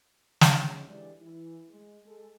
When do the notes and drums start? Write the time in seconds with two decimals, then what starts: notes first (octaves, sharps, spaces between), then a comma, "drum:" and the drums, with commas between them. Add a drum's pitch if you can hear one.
0.41 drum: snare
0.52 D#2 E3 F#3 G#3 C#4
0.90 D3 E3 G#3 G4 D5
1.21 E3 E4
1.69 G#3
2.06 G#3 A4